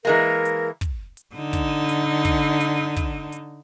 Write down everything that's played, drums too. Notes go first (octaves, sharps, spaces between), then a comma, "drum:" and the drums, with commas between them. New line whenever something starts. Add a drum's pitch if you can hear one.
E3 G#3 A#3 A#4
drum: hi-hat
drum: kick, hi-hat
drum: hi-hat
D3 D#4
drum: kick, hi-hat
drum: hi-hat
drum: kick, hi-hat
drum: hi-hat
drum: kick, hi-hat
drum: hi-hat